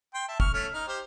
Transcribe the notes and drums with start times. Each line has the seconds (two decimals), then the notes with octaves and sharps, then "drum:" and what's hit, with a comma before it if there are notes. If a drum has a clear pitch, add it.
0.14 G5 C6
0.28 E5 A5
0.40 C#6 F6, drum: kick
0.54 A3 C#4 F6
0.73 D#4 F6
0.88 G4 C5